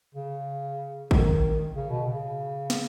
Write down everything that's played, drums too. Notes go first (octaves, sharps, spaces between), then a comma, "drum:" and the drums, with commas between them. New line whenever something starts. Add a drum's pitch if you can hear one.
C#3
D#3, drum: kick A1
C#3
B2
C#3
drum: snare